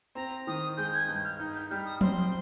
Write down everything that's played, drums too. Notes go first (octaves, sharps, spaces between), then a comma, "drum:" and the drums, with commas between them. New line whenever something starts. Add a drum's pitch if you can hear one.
C4 A#5
D#3 D#6
G#3 G6
G#6
G2 G6
F6
D#4 G6
G6
G3 F6
D#6
C4 C6, drum: tom F3